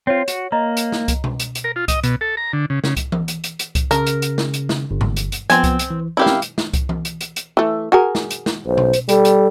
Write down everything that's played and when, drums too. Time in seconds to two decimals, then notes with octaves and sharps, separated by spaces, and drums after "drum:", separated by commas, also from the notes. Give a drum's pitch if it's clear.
0.07 C4 F4 C#5
0.28 F#4, drum: hi-hat
0.52 A#3 D#5 A#5
0.77 drum: hi-hat
0.92 drum: snare
1.08 drum: kick C2, hi-hat
1.24 drum: tom B2
1.40 drum: hi-hat
1.55 drum: hi-hat
1.64 A#4
1.76 F4
1.88 D#5, drum: kick C2, hi-hat
2.03 B2, drum: hi-hat
2.21 A4
2.37 A#5
2.53 D3
2.70 C#3
2.84 C#3, drum: snare
2.97 drum: kick C2, hi-hat
3.12 drum: tom E3
3.28 drum: hi-hat
3.44 drum: hi-hat
3.59 drum: hi-hat
3.75 drum: kick C2, hi-hat
3.91 C#3 A#4, drum: hi-hat
4.07 drum: hi-hat
4.22 drum: hi-hat
4.38 drum: snare
4.54 drum: hi-hat
4.69 drum: snare
4.91 G1
5.01 drum: tom G2
5.16 drum: hi-hat
5.32 drum: hi-hat
5.50 F3 B3 C4 G#5, drum: hi-hat
5.64 drum: kick C2, hi-hat
5.79 drum: hi-hat
5.90 E3
6.17 C4 C#4 E4 G4 A#4 F5
6.26 drum: snare
6.42 drum: hi-hat
6.58 drum: snare
6.73 drum: kick C2, hi-hat
6.89 drum: tom E3
7.05 drum: hi-hat
7.21 drum: hi-hat
7.36 drum: hi-hat
7.57 E3 A3
7.92 F#4 G#4 A#4
8.15 drum: snare
8.31 drum: hi-hat
8.46 drum: snare
8.66 B1 C5
8.78 drum: tom B2
8.93 drum: hi-hat
9.09 G3 A4, drum: hi-hat
9.25 drum: hi-hat